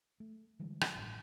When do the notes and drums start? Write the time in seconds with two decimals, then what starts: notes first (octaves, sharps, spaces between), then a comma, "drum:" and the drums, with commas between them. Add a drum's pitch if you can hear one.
0.20 A3
0.59 D3 E3 G3 G#3
0.81 drum: rim click
0.95 A1 G2